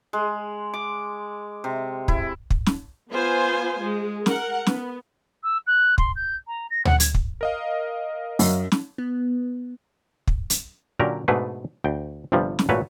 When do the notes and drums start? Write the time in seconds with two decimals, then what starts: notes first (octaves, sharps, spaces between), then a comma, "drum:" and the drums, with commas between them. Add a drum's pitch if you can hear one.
0.13 G#3
0.74 D6
1.64 C3
2.08 E4, drum: kick
2.50 drum: kick
2.66 drum: snare
3.11 B3 F4 C5 G#5
3.81 G#3
4.26 A#4 F#5, drum: snare
4.67 B3, drum: snare
5.43 E6
5.67 F#6
5.98 C6, drum: kick
6.16 G6
6.47 A#5
6.70 A#6
6.85 F#5, drum: tom D2
7.00 G#6, drum: hi-hat
7.14 drum: kick
7.41 A#4 D#5 F5
8.39 F#2, drum: open hi-hat
8.72 drum: snare
8.98 B3
10.27 drum: kick
10.50 drum: hi-hat
10.99 A#2 D3 F#3 C#4 G4 A#4
11.28 G#2 B2 A3 D4 G#4 B4
11.84 D2 G5
12.32 G1 G2 C3 F3 G3
12.59 drum: snare
12.69 G#1 A#2 A3 F#4 B4 C#5